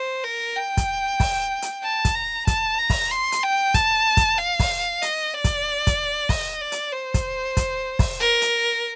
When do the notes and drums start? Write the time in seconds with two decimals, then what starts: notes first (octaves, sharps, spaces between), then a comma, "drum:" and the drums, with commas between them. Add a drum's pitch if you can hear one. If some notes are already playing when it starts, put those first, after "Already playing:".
Already playing: C5
0.24 A#4
0.56 G5
0.77 drum: kick, hi-hat
1.20 drum: kick, open hi-hat
1.62 drum: hi-hat
1.84 A5
2.05 drum: kick, hi-hat
2.15 A#5
2.47 A5, drum: kick, hi-hat
2.79 A#5
2.90 drum: kick, open hi-hat
3.11 C6
3.32 drum: hi-hat
3.43 G5
3.74 A5, drum: kick, hi-hat
4.17 drum: kick, hi-hat
4.38 F5
4.60 drum: kick, open hi-hat
5.02 D#5, drum: hi-hat
5.34 D5
5.44 drum: kick, hi-hat
5.87 drum: kick, hi-hat
6.29 D#5, drum: kick, open hi-hat
6.61 D5
6.72 drum: hi-hat
6.93 C5
7.14 drum: kick, hi-hat
7.57 drum: kick, hi-hat
7.99 drum: kick, open hi-hat
8.20 A#4
8.42 drum: hi-hat